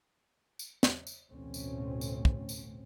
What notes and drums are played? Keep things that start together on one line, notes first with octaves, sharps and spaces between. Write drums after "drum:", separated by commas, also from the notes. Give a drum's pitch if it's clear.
drum: tambourine
drum: snare
drum: tambourine
A1 D2 B2 A3 C4 C#4
drum: tambourine
drum: tambourine
drum: kick
drum: tambourine